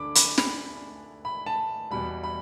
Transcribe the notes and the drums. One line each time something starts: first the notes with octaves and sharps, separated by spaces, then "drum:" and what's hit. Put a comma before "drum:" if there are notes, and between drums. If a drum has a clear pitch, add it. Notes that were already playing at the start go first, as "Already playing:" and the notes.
Already playing: D2 D3 A3 D4 B5 D6
B5, drum: hi-hat
B5, drum: snare
B5
A5
E2 B2 G3 B5
B5